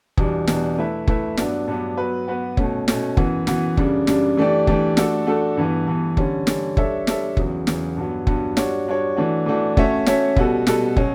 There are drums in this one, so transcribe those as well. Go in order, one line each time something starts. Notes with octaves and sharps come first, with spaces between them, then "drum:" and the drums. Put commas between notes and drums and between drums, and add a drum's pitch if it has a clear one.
E2 B2 G3 D4, drum: kick
E2 B2 G3 D4, drum: snare
A3 E4 B4 E5
A3 E4 B4 E5, drum: kick
G2 F#3 B3 D4, drum: snare
G2 F#3 B3 D4
F#3 B3 F#4 B4
F#3 B3 F#4 B4
B2 A3 C#4, drum: kick
B2 A3 C#4, drum: snare
F#2 E3 B3 F#4, drum: kick
F#2 E3 B3 F#4, drum: snare
F#2 C#3 G3 D4, drum: kick
F#2 C#3 G3 D4, drum: snare
E3 A3 D4 G4 D5
E3 A3 D4 G4 D5, drum: kick
A3 D4 F#4 A4, drum: snare
A3 D4 F#4 A4
G2 E3 B3
G2 E3 B3
D3 G3 C#4, drum: kick
D3 G3 C#4, drum: snare
G3 D4 A4 C#5 E5, drum: kick
G3 D4 A4 C#5 E5, drum: snare
E2 C#3 F#3, drum: kick
E2 C#3 F#3, drum: snare
G2 F#3 B3
G2 F#3 B3, drum: kick
G3 D4 F#4 C#5, drum: snare
G3 D4 F#4 C#5
E3 A3 D4 F#4
E3 A3 D4 F#4
A3 C#4 F#4 C#5 E5, drum: kick
A3 C#4 F#4 C#5 E5, drum: snare
B2 G3 B3 F#4 A4, drum: kick
B2 G3 B3 F#4 A4, drum: snare
B2 F#3 C#4, drum: kick